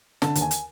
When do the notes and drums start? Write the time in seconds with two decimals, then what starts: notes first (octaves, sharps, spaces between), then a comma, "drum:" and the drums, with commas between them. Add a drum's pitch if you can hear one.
0.22 D3 A5, drum: snare
0.35 D#2, drum: hi-hat
0.41 G#5
0.51 drum: hi-hat